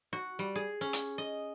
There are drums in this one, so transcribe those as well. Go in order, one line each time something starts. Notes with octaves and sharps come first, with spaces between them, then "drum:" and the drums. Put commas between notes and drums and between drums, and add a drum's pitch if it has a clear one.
F#4
G3
G#4
C#4
drum: hi-hat
D#5